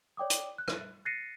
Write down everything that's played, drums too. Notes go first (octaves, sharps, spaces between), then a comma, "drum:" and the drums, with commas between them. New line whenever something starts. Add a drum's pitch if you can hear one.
C#5 D5 G5 D6 D#6
drum: hi-hat
F#6
drum: rim click
F#6 A6 A#6 C7 C#7 D#7